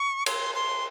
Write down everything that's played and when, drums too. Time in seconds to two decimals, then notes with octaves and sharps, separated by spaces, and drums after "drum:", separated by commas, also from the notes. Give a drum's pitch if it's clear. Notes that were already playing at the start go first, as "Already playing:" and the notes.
Already playing: C#6
0.26 C6, drum: cymbal
0.55 C6